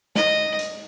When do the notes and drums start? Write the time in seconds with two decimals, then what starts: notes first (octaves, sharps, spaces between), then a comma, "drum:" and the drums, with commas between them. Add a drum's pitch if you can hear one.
0.16 D#5, drum: snare
0.59 drum: hi-hat